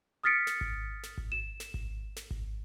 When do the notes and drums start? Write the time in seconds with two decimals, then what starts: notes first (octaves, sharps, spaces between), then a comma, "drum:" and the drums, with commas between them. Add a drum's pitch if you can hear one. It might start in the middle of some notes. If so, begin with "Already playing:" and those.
0.24 D#6 F6 A6 B6 C#7 D7
0.47 drum: snare
0.61 drum: kick G#1
1.03 drum: snare
1.18 drum: kick G#1
1.32 E7
1.60 drum: snare
1.74 drum: kick G#1
2.16 drum: snare
2.31 drum: kick G#1